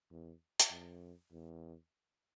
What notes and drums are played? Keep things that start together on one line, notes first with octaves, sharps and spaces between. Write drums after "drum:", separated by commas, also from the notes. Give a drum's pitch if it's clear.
E2
drum: hi-hat
F2
E2